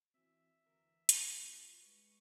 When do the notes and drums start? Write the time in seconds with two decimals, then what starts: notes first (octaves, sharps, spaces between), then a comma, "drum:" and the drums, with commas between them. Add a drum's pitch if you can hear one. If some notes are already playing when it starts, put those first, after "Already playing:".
0.14 E3 C4 F#4 E5
0.66 D2 E3 A#4
1.09 G3 B3 F4 F#4, drum: hi-hat
1.82 G#3 B4 C#6